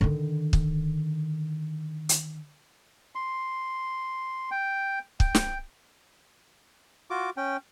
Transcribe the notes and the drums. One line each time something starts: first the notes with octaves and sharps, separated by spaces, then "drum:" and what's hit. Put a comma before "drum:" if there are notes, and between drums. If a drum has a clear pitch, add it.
D3 D#3
drum: kick
drum: hi-hat
C6
G5
G5, drum: kick
drum: snare
F4 F#4 D6
C#4 G5